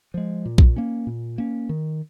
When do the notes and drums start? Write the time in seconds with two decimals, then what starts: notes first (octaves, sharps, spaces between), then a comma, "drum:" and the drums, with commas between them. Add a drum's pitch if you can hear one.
0.14 F3 G#3
0.45 A#2
0.58 drum: kick B1
0.76 A#3 C#4
1.07 A#2
1.38 A#3 C#4
1.69 D#3